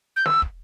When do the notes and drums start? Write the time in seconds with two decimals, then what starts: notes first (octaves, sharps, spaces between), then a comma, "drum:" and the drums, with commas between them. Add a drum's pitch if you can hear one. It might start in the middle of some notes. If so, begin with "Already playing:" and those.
0.16 G6
0.26 E6, drum: snare
0.42 drum: kick